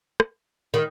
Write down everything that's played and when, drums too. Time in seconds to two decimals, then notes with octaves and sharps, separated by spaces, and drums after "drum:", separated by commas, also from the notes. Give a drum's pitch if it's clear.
0.20 drum: rim click
0.74 D#3